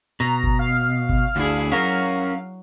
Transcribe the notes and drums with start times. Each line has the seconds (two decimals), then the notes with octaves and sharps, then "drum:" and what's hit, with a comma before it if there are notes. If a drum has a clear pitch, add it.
0.20 B2 A#5
0.43 drum: kick G1
0.59 F5
1.09 drum: kick G1
1.36 D2 D4 E4 G#4
1.72 F#3 C#4 A#4 F5